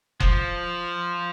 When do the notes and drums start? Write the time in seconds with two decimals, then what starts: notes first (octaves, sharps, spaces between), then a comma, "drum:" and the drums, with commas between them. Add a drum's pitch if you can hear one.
0.20 F3, drum: kick F1